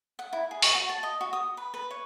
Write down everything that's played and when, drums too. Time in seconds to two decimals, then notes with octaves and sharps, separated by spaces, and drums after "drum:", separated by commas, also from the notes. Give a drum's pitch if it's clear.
0.19 F#5
0.33 E4
0.51 G#4
0.62 C#6, drum: open hi-hat
0.75 F#4
0.89 A5
1.03 D#5
1.21 F#4
1.33 D#6
1.57 B4
1.74 B4
1.91 C#5